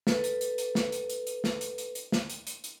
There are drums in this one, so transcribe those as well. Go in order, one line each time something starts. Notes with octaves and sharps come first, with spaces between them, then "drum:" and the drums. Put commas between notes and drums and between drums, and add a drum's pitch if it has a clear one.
A4 B4, drum: snare
drum: hi-hat
drum: hi-hat
drum: hi-hat
drum: snare
drum: hi-hat
drum: hi-hat
drum: hi-hat
drum: snare
drum: hi-hat
drum: hi-hat
drum: hi-hat
drum: snare
drum: hi-hat
drum: hi-hat
drum: hi-hat